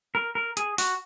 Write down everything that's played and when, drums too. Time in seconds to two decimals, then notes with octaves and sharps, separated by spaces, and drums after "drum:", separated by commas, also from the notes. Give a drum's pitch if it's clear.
0.15 A#4
0.35 A#4
0.57 G#4, drum: hi-hat
0.78 F#4, drum: open hi-hat